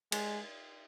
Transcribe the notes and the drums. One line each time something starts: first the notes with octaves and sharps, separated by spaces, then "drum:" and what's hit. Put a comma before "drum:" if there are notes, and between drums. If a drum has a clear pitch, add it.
G#3, drum: cymbal